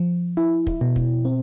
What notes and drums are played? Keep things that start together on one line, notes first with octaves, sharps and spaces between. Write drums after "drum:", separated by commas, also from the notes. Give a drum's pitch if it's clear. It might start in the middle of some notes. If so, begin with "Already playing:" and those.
Already playing: F3
E4
drum: kick
B2
drum: kick
C4